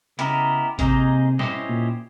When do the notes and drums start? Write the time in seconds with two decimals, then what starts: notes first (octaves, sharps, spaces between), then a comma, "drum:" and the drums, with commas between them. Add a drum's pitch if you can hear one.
0.19 C#3 B3 E4 G4 A#4 D#5, drum: hi-hat
0.79 C3 A#3 D#4 G#4 C5 D#5, drum: kick A1, hi-hat
1.39 C#4 E4 G4 C5 D#5, drum: snare
1.69 A#2